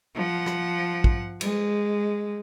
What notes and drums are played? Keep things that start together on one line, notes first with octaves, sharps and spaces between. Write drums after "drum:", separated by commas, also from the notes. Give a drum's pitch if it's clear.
F3 F#5
drum: rim click
drum: kick
G#3, drum: cymbal